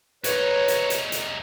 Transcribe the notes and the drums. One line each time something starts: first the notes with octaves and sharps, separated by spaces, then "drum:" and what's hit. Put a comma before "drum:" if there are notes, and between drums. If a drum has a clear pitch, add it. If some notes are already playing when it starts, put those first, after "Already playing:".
E2 D#4 B4 C#5, drum: hi-hat
drum: hi-hat
drum: hi-hat
drum: hi-hat